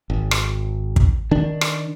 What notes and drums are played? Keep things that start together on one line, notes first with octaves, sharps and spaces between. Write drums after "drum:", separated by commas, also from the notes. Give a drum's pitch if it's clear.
G#1
drum: rim click
drum: kick
D#3 D4
drum: rim click